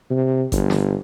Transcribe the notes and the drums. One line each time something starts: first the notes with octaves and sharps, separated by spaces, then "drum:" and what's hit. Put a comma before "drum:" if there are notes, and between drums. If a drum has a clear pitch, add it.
C3
G1, drum: kick G#1, hi-hat
drum: snare